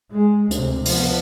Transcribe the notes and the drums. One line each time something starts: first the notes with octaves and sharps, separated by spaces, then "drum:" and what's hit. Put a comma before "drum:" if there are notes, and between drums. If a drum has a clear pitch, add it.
G#3
D2 C3, drum: hi-hat
F3 B3, drum: open hi-hat